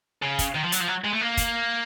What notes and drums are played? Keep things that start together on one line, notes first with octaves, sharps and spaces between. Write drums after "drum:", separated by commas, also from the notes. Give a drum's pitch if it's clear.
C#3
drum: kick, hi-hat
D#3
F3
F#3, drum: hi-hat
F3
F#3
G#3
A3
A#3
drum: kick, hi-hat